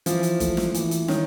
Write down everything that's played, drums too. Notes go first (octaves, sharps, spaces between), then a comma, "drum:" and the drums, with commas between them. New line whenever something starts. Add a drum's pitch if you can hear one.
E3 F3, drum: hi-hat
drum: hi-hat
A3, drum: kick G1, hi-hat
drum: snare
E3, drum: hi-hat
drum: hi-hat
D#3 C#4, drum: snare